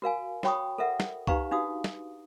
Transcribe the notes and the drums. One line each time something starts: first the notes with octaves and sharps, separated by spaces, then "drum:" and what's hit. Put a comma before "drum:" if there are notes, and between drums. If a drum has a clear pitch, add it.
F#4 A#4 F5 G#5
F#4 C#5 G5 B5 C#6 D#6, drum: snare
A4 A#4 E5 F#5
drum: snare
D#4 G4 B4 F5 A#5 C#6, drum: kick C2
D4 D#4 F#4 F5 D#6
drum: snare